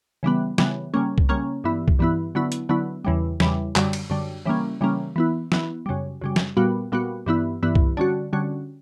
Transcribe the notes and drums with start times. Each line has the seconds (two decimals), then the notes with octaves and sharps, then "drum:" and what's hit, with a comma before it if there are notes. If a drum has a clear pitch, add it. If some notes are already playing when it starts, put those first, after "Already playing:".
0.23 C#3 E3 G3 B3
0.58 C#3 E3 G3 B3, drum: snare
0.94 C#3 G3 A#3 C#4
1.18 drum: kick C2
1.29 C#3 G3 A#3 C#4
1.64 G2 E3 B3 E4
1.88 drum: kick C2
1.99 G2 E3 B3 E4
2.35 D3 F#3 B3 E4
2.52 drum: hi-hat
2.69 D3 F#3 B3 E4
3.05 E2 C#3 E3 G3
3.40 E2 C#3 E3 G3, drum: snare
3.76 F#2 D3 G3, drum: clap
3.93 drum: cymbal
4.10 F#2 D3 G3
4.45 C#3 E3 G3 A#3 C#4
4.81 C#3 E3 G3 A#3 C#4
5.16 E3 B3 E4
5.52 E3 B3 E4, drum: snare
5.86 F#2 C#3 G3
6.21 F#2 C#3 G3
6.36 drum: snare
6.57 A#2 G3 B3 F#4
6.92 A#2 G3 B3 F#4
7.26 G2 E3 B3 E4
7.63 G2 E3 B3 E4
7.75 drum: kick C2
7.97 D3 G3 C#4 F#4
8.33 D3 G3 C#4 F#4